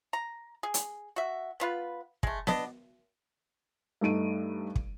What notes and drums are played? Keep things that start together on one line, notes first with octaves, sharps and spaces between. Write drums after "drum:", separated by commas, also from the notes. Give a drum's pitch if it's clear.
A#5
G#4
drum: hi-hat
F#4 E5
B3 F4 B4
G#3 A3, drum: kick
B3 D4 D#5, drum: snare B3
G2 A3 D#4 D7 D#7
drum: kick